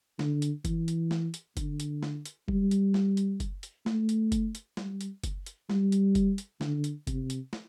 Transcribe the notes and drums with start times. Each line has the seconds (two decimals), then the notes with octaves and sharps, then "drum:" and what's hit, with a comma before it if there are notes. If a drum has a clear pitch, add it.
0.19 D3, drum: snare
0.42 drum: hi-hat
0.65 E3, drum: kick F#1, hi-hat
0.88 drum: hi-hat
1.11 drum: snare
1.34 drum: hi-hat
1.57 D3, drum: kick F#1, hi-hat
1.80 drum: hi-hat
2.03 drum: snare
2.25 drum: hi-hat
2.48 G3, drum: kick F#1
2.71 drum: hi-hat
2.94 drum: snare
3.17 drum: hi-hat
3.40 drum: kick F#1, hi-hat
3.63 drum: hi-hat
3.86 A3, drum: snare
4.09 drum: hi-hat
4.32 drum: kick F#1, hi-hat
4.55 drum: hi-hat
4.77 G3, drum: snare
5.01 drum: hi-hat
5.24 drum: kick F#1, hi-hat
5.46 drum: hi-hat
5.70 G3, drum: snare
5.92 drum: hi-hat
6.15 drum: kick F#1, hi-hat
6.38 drum: hi-hat
6.61 D3, drum: snare
6.84 drum: hi-hat
7.07 C3, drum: kick F#1, hi-hat
7.30 drum: hi-hat
7.53 drum: snare